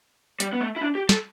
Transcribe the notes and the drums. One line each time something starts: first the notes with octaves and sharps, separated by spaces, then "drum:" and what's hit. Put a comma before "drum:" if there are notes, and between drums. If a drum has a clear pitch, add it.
G3, drum: hi-hat
B3
A3
E4
D4
G4
A4, drum: snare